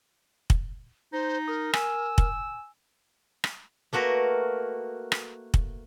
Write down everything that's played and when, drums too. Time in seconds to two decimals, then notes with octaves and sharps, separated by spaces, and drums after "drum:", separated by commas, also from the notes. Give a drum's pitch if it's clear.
0.50 drum: kick
1.13 D#4 C5
1.48 A#4 D#6
1.74 G#5 E6, drum: rim click
2.18 drum: kick
3.44 drum: rim click
3.93 A3 A#3 F#4 A#4 B4
5.12 drum: rim click
5.54 drum: kick